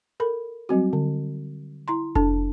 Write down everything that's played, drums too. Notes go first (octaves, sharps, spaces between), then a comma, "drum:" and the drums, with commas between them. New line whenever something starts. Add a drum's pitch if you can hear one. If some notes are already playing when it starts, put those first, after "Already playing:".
A4 A#4 B5
F#3 G3 C4 F#4
D3
E4 A#5 C6
D4 A4 A5, drum: kick F1